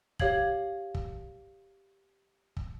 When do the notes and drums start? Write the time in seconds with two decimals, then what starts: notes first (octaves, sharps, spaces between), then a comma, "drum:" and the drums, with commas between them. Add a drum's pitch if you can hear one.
0.19 G4 C#5 F5 G#6 F#7, drum: kick
0.95 drum: kick
2.57 drum: kick